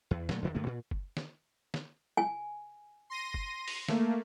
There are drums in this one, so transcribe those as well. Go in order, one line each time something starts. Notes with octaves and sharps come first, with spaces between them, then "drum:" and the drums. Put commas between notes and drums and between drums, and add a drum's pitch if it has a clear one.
E2
A#2 F#3 A3, drum: snare
E2 D3 D#3
F#2 D3 A3 A#3
A#2
drum: kick F#1
drum: snare
drum: snare
G#5
C6 A#6 D#7
drum: kick F#1
drum: open hi-hat
A3 A#3, drum: snare